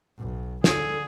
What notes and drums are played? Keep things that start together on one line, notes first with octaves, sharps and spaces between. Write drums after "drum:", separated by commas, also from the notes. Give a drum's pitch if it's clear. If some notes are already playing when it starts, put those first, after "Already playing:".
B1
D3 G#4 A4, drum: snare